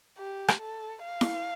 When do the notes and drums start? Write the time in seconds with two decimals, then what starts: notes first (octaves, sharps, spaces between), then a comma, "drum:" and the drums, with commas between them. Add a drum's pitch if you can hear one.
0.18 G4
0.48 drum: rim click
0.61 A4
1.04 F5
1.21 drum: snare E4